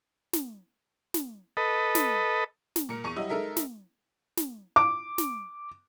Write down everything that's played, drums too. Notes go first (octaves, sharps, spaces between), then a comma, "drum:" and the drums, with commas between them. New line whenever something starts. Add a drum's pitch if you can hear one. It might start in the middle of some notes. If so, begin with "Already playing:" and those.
drum: snare
drum: snare
A4 B4 D#5
drum: snare
drum: snare
A#2 A#4 C#7
E2 C#6 D#7
F#3 G3 E4 F#4 D#5
G#3 D#4 A4 A#4 E5
drum: snare
drum: snare
D6
drum: snare